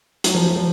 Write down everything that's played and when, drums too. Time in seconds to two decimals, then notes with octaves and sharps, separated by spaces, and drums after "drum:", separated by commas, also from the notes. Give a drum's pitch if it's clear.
0.24 F#3, drum: hi-hat
0.34 F3
0.45 F#3
0.56 F3